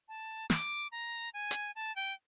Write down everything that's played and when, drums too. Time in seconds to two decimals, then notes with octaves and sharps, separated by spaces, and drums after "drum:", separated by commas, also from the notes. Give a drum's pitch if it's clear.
0.08 A5
0.50 D6, drum: snare
0.92 A#5
1.34 G#5
1.51 drum: hi-hat
1.75 A5
1.96 G5